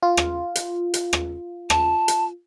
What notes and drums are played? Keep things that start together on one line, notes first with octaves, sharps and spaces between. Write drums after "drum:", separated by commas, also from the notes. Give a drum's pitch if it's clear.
F4
drum: rim click
drum: hi-hat
drum: hi-hat
drum: rim click
A5, drum: rim click
drum: hi-hat